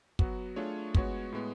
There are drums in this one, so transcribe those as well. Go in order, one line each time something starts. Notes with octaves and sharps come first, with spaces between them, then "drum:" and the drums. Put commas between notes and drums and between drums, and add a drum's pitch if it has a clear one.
F#3 B3 F#4, drum: kick
A3 D4 F4 G#4 C#5
G#3 B3 F#4 C#5, drum: kick
A2 G#3 B3